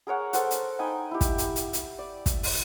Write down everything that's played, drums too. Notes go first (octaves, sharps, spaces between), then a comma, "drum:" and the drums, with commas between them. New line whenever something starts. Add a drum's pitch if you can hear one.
G#4 A#4 C#5 F#5
A4 A#4 C5 F#5, drum: hi-hat
drum: hi-hat
D#4 G5 G#5 B5
E4 G4
drum: kick, hi-hat
drum: hi-hat
drum: hi-hat
drum: hi-hat
D5
drum: kick, hi-hat
drum: open hi-hat